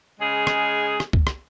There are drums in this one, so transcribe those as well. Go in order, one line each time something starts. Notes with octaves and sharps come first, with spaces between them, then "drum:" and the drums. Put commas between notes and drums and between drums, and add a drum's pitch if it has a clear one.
C#3 G#3 G#4
drum: rim click
drum: rim click
drum: kick
drum: rim click